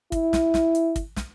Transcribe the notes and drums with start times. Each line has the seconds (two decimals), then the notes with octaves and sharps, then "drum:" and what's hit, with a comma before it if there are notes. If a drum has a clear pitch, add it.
0.12 E4, drum: kick, hi-hat
0.33 drum: snare
0.54 drum: snare
0.75 drum: hi-hat
0.96 drum: kick, hi-hat
1.16 drum: snare